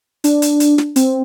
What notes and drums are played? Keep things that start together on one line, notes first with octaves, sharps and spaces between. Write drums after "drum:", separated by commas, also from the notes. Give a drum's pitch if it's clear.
D4, drum: hi-hat
drum: hi-hat
drum: hi-hat
drum: snare
C4, drum: hi-hat